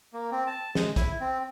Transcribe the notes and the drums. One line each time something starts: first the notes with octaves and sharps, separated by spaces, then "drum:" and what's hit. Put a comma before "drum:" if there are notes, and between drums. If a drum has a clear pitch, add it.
A#3
C4
A5
G#3, drum: snare
E4, drum: kick, hi-hat
C4